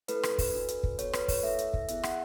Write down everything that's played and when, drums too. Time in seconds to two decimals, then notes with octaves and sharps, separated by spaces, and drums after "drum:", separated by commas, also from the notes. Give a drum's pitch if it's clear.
0.08 A3 E4 A4 B4, drum: hi-hat
0.23 drum: rim click
0.38 drum: kick, open hi-hat
0.54 D4 F#4 A4
0.68 drum: hi-hat
0.83 drum: kick
0.99 B3 F#4 A4 C#5, drum: hi-hat
1.13 B4, drum: rim click
1.28 C#5, drum: kick, open hi-hat
1.43 A3 E4 A4 E5
1.59 drum: hi-hat
1.74 drum: kick
1.88 B3 E4 G#4 E5, drum: hi-hat
2.03 F#5, drum: rim click